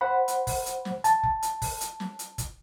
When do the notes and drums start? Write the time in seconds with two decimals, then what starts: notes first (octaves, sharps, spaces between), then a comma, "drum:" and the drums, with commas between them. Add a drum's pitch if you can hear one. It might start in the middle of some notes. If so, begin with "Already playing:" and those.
0.01 C5 F#5 B5
0.28 drum: hi-hat
0.47 drum: kick F1, open hi-hat
0.66 drum: hi-hat
0.85 drum: snare
1.04 A5, drum: hi-hat
1.23 drum: kick F1
1.43 drum: hi-hat
1.62 drum: kick F1, open hi-hat
1.81 drum: hi-hat
2.00 drum: snare
2.19 drum: hi-hat
2.38 drum: kick F1, hi-hat